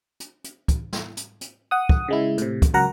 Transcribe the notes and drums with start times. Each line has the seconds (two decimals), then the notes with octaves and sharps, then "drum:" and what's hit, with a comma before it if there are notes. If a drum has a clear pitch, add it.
0.20 drum: hi-hat
0.44 drum: hi-hat
0.68 drum: kick, hi-hat
0.93 drum: snare
1.17 drum: hi-hat
1.41 drum: hi-hat
1.71 F#5 D#6
1.89 drum: kick
2.08 C#3 G#3 E4
2.38 A2 C3, drum: hi-hat
2.62 drum: kick, hi-hat
2.74 C#2 F#3 A#4 F#5 A#5